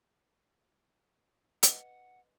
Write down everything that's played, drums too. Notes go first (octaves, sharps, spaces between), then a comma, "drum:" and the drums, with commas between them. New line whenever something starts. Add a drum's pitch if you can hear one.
B4 D#5 F#5, drum: hi-hat